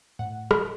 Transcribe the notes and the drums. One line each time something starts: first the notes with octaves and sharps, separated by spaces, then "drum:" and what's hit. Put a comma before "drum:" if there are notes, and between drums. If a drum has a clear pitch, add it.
A2 F#5
drum: rim click